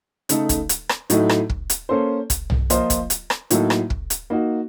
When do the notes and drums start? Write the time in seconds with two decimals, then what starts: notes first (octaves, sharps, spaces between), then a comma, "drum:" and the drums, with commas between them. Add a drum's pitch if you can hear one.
0.29 C#3 A3 D#4 A4, drum: hi-hat
0.49 drum: kick, hi-hat
0.69 drum: hi-hat
0.89 drum: rim click
1.10 A2 F#3 A3 D#4, drum: hi-hat
1.29 drum: rim click
1.50 drum: kick
1.70 drum: hi-hat
1.89 A#3 C#4 A4 C5
2.30 drum: kick, hi-hat
2.50 drum: tom B1
2.70 F3 A#3 F4 C5 D#5, drum: hi-hat
2.90 drum: kick, hi-hat
3.10 drum: hi-hat
3.30 drum: rim click
3.50 A2 F#3 A#3 D#4 A4, drum: hi-hat
3.70 drum: rim click
3.90 drum: kick
4.10 drum: hi-hat
4.30 A#3 D#4 F#4